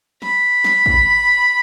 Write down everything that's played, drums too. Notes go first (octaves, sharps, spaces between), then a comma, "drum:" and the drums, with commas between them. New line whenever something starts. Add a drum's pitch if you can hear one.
B5, drum: snare
drum: snare
drum: kick